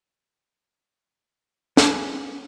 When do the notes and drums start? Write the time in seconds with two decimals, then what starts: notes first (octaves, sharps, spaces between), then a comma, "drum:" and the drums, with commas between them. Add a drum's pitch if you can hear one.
1.77 B3 C#4 G#4 B4, drum: snare